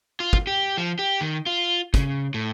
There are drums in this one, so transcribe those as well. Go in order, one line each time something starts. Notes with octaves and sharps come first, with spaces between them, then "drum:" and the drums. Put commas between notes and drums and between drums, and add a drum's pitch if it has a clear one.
F4
drum: kick
G4
F3
G4
D#3
F4
C#3, drum: kick, hi-hat
A2